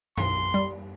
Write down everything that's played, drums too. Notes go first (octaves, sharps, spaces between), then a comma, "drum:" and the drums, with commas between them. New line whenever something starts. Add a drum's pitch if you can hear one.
B1 C6, drum: tom F#2
G3